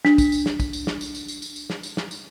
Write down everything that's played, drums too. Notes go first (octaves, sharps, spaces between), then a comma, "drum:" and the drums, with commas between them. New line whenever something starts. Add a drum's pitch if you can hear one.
D4 B6, drum: snare
drum: kick, tambourine
drum: tambourine
drum: snare
drum: kick, tambourine
drum: tambourine
drum: snare
drum: tambourine
drum: tambourine
drum: tambourine
drum: tambourine
drum: tambourine
drum: snare
drum: tambourine
drum: snare
drum: tambourine